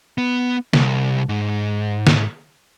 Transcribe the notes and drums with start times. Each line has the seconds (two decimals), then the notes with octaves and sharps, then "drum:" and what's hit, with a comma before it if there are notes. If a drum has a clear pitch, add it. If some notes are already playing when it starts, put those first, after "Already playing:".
0.18 B3
0.73 C2, drum: snare
1.29 G#2
2.07 drum: snare